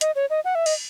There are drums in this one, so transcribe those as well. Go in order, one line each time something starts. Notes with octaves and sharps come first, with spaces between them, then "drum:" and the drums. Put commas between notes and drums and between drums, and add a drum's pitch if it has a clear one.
D#5, drum: hi-hat
C#5
D#5
F#5
E5
D#5, drum: cymbal